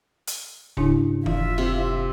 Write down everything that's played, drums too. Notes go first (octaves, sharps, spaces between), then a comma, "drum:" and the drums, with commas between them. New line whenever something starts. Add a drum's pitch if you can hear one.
drum: hi-hat
G#2 C#3 D4 E4, drum: kick
F1 E3 F4 E5, drum: tom D#3
C3